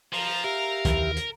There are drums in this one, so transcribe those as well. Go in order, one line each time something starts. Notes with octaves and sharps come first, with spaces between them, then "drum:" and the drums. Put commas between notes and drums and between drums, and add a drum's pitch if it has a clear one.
F3 F5 A#5, drum: open hi-hat
G4 A#4 E5
D#2 E3, drum: kick C2, hi-hat
drum: hi-hat